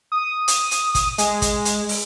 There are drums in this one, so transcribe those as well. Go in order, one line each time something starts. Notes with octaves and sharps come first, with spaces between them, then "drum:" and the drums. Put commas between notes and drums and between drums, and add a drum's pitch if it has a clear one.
D#6
drum: hi-hat
drum: hi-hat
drum: kick, hi-hat
G#3, drum: hi-hat
drum: kick, hi-hat
drum: hi-hat
drum: open hi-hat